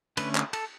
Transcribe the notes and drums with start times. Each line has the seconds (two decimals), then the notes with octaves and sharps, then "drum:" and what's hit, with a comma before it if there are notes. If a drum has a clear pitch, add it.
0.17 D3 A3 C#4 B4, drum: cymbal
0.35 drum: clap
0.53 A4, drum: cymbal